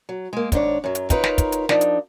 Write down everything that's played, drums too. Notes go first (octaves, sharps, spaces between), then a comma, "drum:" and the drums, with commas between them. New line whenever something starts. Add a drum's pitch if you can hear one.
F#3
G#3 A#3
D#2 G#2 D4 C#5, drum: kick, hi-hat
F#2 F#3
drum: hi-hat
D#4 F4 A#4 B4 C#5, drum: kick, hi-hat
drum: snare
drum: kick, hi-hat
drum: hi-hat
F3 D4 D#4, drum: snare
drum: hi-hat